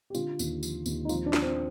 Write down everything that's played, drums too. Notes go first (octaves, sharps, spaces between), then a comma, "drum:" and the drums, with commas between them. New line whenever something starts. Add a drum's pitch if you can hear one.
G4
D3 F4, drum: tambourine
D#2, drum: tambourine
F3, drum: tambourine
D#2, drum: tambourine
D#4
F3 F4, drum: tambourine
D4
F3, drum: snare
C4